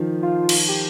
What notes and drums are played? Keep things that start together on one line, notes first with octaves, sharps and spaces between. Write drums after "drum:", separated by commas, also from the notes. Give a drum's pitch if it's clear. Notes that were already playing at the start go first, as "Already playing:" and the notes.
Already playing: D#3 F3
F4
drum: cymbal
G4